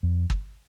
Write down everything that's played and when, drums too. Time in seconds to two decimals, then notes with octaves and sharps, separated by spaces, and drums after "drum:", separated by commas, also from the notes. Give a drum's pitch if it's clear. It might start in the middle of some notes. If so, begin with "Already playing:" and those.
0.03 F2
0.30 drum: kick